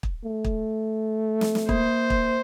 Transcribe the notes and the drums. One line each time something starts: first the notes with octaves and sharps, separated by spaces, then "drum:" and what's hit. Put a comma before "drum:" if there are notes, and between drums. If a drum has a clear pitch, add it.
drum: kick
A3
drum: kick
drum: snare
drum: snare
A#3 C5, drum: kick
drum: kick